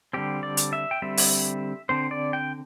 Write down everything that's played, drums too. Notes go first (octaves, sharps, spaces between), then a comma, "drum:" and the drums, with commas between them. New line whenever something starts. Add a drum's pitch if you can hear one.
D3 G3 C4 G4
D5
drum: hi-hat
E5
G5
D3 G3 C4 E5
drum: open hi-hat
D3 C4 C5
D5
G5